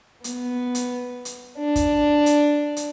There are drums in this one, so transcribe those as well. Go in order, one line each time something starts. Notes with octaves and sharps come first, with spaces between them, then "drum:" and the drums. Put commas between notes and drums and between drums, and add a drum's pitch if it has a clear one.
B3, drum: hi-hat
drum: hi-hat
drum: hi-hat
D4
drum: kick, hi-hat
drum: hi-hat
drum: hi-hat